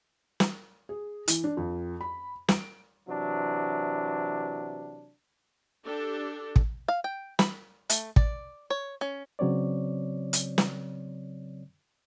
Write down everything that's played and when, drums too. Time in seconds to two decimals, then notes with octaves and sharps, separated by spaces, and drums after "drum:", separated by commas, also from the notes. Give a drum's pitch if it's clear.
0.40 drum: snare
0.89 G#4
1.28 E3, drum: hi-hat
1.44 D4
1.57 F2
2.01 B5
2.48 D7, drum: snare
3.08 C3 E3 F#3 D4
5.84 D4 G4 A4
6.56 drum: kick
6.88 F5
7.04 G5
7.39 B5, drum: snare
7.90 A3, drum: hi-hat
8.16 D5, drum: kick
8.70 C#5
9.01 C#4
9.39 C#3 F#3 C4 C#5 D5
10.33 drum: hi-hat
10.58 drum: snare